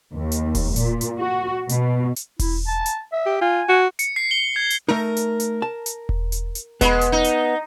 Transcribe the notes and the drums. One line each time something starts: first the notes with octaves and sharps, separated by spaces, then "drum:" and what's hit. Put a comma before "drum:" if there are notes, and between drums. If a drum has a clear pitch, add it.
D#2
drum: hi-hat
drum: kick E1, open hi-hat
A#2, drum: hi-hat
drum: hi-hat
F#4
B2, drum: hi-hat
drum: hi-hat
E4, drum: kick E1, open hi-hat
A5
drum: hi-hat
E5
G4
F4 G#5
F#4
C#7, drum: hi-hat
C7
G7
G#6
drum: hi-hat
A3 D#4 A#4
drum: hi-hat
drum: hi-hat
A5
drum: hi-hat
drum: kick E1
drum: hi-hat
drum: hi-hat
G#3 B3 B5, drum: kick E1, hi-hat
drum: hi-hat
D#4
drum: hi-hat